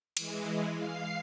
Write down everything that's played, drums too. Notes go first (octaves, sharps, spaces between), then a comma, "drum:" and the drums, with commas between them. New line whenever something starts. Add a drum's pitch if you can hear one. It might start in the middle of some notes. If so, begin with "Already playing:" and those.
E3 G#3, drum: cymbal
F5 C7